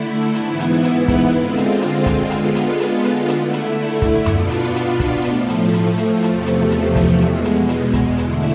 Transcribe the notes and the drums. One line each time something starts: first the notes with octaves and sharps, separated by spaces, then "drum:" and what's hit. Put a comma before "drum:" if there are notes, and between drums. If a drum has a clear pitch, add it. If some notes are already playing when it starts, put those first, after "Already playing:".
Already playing: D3 A3 E4
G#2 E3 B3 E4, drum: hi-hat
drum: hi-hat
drum: hi-hat
drum: kick, hi-hat
D3 G#3 C4 F4
drum: hi-hat
drum: hi-hat
drum: kick, hi-hat
D3 G#3 B3 F4, drum: hi-hat
drum: hi-hat
drum: hi-hat
drum: hi-hat
D3 A3 E4, drum: hi-hat
drum: hi-hat
drum: kick, hi-hat
B2 B3 D4 F4, drum: tom F#2
drum: hi-hat
drum: hi-hat
drum: kick, hi-hat
A2 F3 A3, drum: hi-hat
drum: hi-hat
drum: hi-hat
drum: hi-hat
E2 C3 F3 A3, drum: hi-hat
drum: hi-hat
drum: hi-hat
drum: kick, hi-hat
E2 B2 G#3
drum: hi-hat
drum: hi-hat
drum: kick, hi-hat
D3 A3 E4, drum: hi-hat